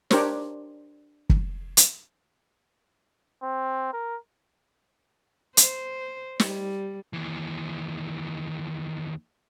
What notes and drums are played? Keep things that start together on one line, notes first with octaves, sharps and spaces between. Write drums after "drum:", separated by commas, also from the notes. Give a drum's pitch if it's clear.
D4 G4 A#4 C5 C#5, drum: snare
drum: kick
drum: hi-hat
C4
A#4
C5, drum: hi-hat
G3, drum: snare
D#2 E3